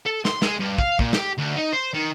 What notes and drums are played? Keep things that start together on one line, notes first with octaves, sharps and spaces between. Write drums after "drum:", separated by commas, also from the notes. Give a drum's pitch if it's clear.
A4
C6, drum: snare
G#3, drum: snare
G2
F5, drum: kick
A#2, drum: kick
G4, drum: snare
D2
D#4
C5
D#3